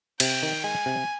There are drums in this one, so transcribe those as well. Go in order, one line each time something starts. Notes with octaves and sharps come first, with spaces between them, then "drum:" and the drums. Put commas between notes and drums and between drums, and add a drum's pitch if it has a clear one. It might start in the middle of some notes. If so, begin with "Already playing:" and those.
C3 G5, drum: cymbal
D#3
G#3 G#5
C3